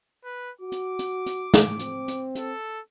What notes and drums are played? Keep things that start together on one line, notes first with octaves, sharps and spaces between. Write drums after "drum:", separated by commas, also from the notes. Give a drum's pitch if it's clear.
B4
F#4 D6
drum: hi-hat
drum: hi-hat
drum: hi-hat
drum: snare
C4, drum: hi-hat
drum: hi-hat
A4, drum: hi-hat